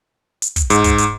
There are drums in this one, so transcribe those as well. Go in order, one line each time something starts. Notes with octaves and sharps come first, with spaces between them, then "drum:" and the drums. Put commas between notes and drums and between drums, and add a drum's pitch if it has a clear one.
drum: hi-hat
drum: kick, hi-hat
G#2, drum: hi-hat
drum: kick, hi-hat
drum: hi-hat